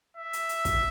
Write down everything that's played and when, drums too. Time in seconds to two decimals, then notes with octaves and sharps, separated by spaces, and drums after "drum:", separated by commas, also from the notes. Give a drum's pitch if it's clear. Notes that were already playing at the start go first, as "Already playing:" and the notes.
0.17 E5
0.33 drum: hi-hat
0.49 drum: hi-hat
0.65 drum: kick, hi-hat